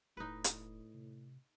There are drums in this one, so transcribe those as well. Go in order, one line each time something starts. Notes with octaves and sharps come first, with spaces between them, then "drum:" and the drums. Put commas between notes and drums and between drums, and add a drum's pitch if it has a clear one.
E1 A2 D#4 B4
drum: hi-hat
C3